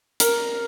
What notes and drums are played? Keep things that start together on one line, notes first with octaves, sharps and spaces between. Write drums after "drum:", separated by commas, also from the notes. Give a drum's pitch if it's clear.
A#4, drum: hi-hat